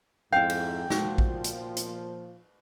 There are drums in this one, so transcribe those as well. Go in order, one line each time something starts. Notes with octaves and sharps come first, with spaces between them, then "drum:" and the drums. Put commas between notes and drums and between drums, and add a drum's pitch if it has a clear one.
F2 G#2 E4 F5 G5 G6
drum: cymbal
A#2 F3 F#4, drum: snare
drum: kick A#1
drum: hi-hat
drum: hi-hat